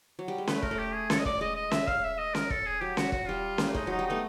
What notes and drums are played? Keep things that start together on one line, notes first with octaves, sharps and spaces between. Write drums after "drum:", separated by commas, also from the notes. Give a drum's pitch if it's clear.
F#3
G3
G#3
A3 B4, drum: snare C#4
A#4, drum: kick
A3
G4
G#4
A4, drum: snare C#4
D#5
D5, drum: kick
G#3 D#5
D#5
E5, drum: snare C#4
F5, drum: kick
E5
D#5
A#4, drum: snare C#4
A4, drum: kick
G#4
F#3 G4
F#4, drum: snare C#4
F#4, drum: kick
G3 F4
A#3, drum: snare C#4
A3
G#3 D#4, drum: kick
F#3 D#4
G3
A3 B3 D#4